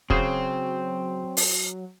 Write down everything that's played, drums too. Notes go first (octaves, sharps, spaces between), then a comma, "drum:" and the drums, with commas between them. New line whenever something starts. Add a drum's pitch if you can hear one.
C#3 F#3 C4 G#4 C5, drum: kick
drum: open hi-hat